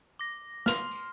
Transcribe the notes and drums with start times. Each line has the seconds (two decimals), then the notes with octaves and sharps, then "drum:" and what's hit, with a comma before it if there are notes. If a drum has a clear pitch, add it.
0.19 D6 A#6
0.66 C6 F6 F7, drum: snare
0.91 drum: tambourine